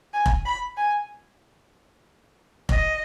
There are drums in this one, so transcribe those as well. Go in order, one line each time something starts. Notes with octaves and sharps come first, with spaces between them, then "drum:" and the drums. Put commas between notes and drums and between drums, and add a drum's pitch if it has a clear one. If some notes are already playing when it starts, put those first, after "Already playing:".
G#5
drum: kick F1
B5
G#5
D#5, drum: kick F1